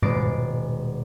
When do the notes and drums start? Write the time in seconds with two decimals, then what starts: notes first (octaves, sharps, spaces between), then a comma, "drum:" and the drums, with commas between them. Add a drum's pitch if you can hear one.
0.02 D#1 B2 G#3 D5 C7 D7, drum: tom G#2